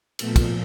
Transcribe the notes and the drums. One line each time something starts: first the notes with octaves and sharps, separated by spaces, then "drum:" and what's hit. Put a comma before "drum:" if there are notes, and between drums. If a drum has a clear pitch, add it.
A#2 F3 A3 B3, drum: cymbal
drum: kick, cymbal